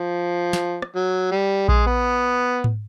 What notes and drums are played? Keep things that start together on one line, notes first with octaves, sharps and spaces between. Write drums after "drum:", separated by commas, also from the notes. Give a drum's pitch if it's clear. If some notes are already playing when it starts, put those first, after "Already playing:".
Already playing: F3
drum: snare
drum: rim click
F#3
G3
G#3, drum: kick A#1
B3
drum: tom G#2